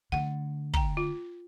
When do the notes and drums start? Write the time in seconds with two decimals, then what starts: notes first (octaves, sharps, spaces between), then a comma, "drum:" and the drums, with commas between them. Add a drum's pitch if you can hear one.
0.12 D3 A3 F#5
0.74 G5 A#5, drum: kick
0.97 F4